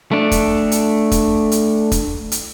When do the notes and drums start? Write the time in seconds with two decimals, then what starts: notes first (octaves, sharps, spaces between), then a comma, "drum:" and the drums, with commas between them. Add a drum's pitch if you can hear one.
0.11 A3 D4
0.32 drum: kick, hi-hat
0.72 drum: hi-hat
1.12 drum: kick, hi-hat
1.52 drum: hi-hat
1.92 drum: kick, hi-hat
2.32 drum: hi-hat